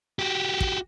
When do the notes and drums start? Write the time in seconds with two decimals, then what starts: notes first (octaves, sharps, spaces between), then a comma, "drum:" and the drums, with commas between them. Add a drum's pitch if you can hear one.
0.19 F#4 G4
0.60 drum: kick